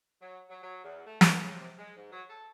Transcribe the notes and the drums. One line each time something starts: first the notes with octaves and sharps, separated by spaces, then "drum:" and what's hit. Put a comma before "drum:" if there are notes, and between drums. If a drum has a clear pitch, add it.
F#3
F#3
F#3
E2
A3
A4, drum: snare
C#3
C3
G#3
G#2
F#3
A4